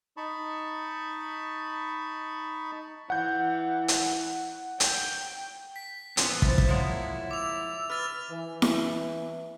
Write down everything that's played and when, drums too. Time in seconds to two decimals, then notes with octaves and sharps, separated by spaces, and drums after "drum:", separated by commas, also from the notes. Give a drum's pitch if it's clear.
0.17 D#4 A5 B5 C#6
3.10 E3 F#5 G6
3.88 drum: hi-hat
4.80 G5, drum: hi-hat
5.76 B6
6.17 A#2 F3 B3 C#4, drum: hi-hat
6.42 E4 C5 A6, drum: kick
6.58 drum: kick
6.69 F3 G#3 A#3 C#5 F#5
7.31 D6 E6 F7
7.90 B4 F6 A6 F7
8.31 E3
8.62 drum: snare E4